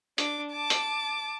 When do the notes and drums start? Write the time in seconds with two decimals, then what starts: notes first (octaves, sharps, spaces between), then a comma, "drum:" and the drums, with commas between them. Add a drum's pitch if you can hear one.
0.18 D4 D6, drum: hi-hat
0.51 A5 D6
0.70 drum: hi-hat